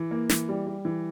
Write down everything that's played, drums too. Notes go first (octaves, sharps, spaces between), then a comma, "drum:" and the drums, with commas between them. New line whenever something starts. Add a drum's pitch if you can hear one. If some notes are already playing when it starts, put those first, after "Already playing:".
Already playing: E3
A#3
E3, drum: snare
G3
G3
E3